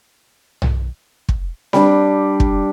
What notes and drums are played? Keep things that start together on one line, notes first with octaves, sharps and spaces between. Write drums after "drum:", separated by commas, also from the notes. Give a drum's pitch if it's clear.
drum: tom
drum: kick
G3 D4, drum: snare C4
drum: kick